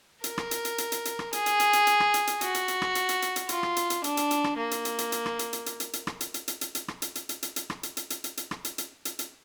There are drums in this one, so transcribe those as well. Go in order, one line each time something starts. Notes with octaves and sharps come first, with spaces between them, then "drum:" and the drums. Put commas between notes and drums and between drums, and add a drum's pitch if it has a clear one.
A#4, drum: hi-hat
drum: rim click
drum: hi-hat
drum: hi-hat
drum: hi-hat
drum: hi-hat
drum: hi-hat
drum: rim click
G#4, drum: hi-hat
drum: hi-hat
drum: hi-hat
drum: hi-hat
drum: hi-hat
drum: rim click
drum: hi-hat
drum: hi-hat
F#4, drum: hi-hat
drum: hi-hat
drum: hi-hat
drum: rim click
drum: hi-hat
drum: hi-hat
drum: hi-hat
drum: hi-hat
F4, drum: hi-hat
drum: rim click
drum: hi-hat
drum: hi-hat
D4, drum: hi-hat
drum: hi-hat
drum: hi-hat
drum: rim click
A#3
drum: hi-hat
drum: hi-hat
drum: hi-hat
drum: hi-hat
drum: rim click
drum: hi-hat
drum: hi-hat
drum: hi-hat
drum: hi-hat
drum: hi-hat
drum: rim click
drum: hi-hat
drum: hi-hat
drum: hi-hat
drum: hi-hat
drum: hi-hat
drum: rim click
drum: hi-hat
drum: hi-hat
drum: hi-hat
drum: hi-hat
drum: hi-hat
drum: rim click
drum: hi-hat
drum: hi-hat
drum: hi-hat
drum: hi-hat
drum: hi-hat
drum: rim click
drum: hi-hat
drum: hi-hat
drum: hi-hat
drum: hi-hat